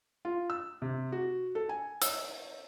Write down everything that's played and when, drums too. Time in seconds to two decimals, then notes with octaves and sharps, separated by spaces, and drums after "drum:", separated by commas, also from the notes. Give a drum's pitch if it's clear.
0.25 F4
0.50 E6
0.82 C3
1.12 F#4
1.55 A4
1.69 G#5
2.02 E6, drum: hi-hat